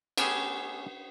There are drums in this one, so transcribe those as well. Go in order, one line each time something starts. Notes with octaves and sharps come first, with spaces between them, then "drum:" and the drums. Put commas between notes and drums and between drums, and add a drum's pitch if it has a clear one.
A3 B3 C#4 G4 G#4, drum: cymbal